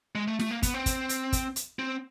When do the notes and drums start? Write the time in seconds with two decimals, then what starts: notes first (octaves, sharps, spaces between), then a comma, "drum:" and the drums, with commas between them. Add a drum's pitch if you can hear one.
0.15 G#3
0.27 A3
0.39 A3, drum: snare
0.51 A#3
0.63 B3, drum: kick, hi-hat
0.74 C4
0.86 drum: kick, hi-hat
1.09 drum: hi-hat
1.33 drum: kick, hi-hat
1.56 drum: hi-hat
1.79 C4